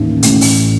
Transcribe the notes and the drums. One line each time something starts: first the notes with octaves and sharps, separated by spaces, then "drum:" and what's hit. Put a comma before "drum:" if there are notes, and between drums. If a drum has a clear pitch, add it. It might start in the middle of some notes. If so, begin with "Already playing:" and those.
Already playing: A1 D#2
A2, drum: hi-hat
drum: open hi-hat